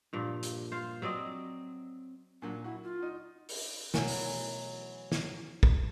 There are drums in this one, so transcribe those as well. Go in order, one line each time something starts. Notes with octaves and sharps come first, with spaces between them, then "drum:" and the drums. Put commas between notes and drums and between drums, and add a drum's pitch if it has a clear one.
G2 A#2 F3
drum: hi-hat
F4 C5
F#3 C4 D5 D#5
A#2 F#3 D4
E4 F#4
F4
D#4
drum: open hi-hat
B2 E3 F#3 A3 A#4 G#5, drum: snare
drum: open hi-hat
drum: snare
drum: kick